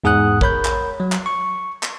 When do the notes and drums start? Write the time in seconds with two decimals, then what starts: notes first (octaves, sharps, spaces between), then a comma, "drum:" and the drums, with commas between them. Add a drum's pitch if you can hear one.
0.04 E2 G#2 G#4 F#5 D#6 F#6
0.41 A#4 C#5 B5 G6, drum: kick
0.65 drum: clap
1.00 F#3
1.12 drum: clap
1.26 C#6
1.83 drum: clap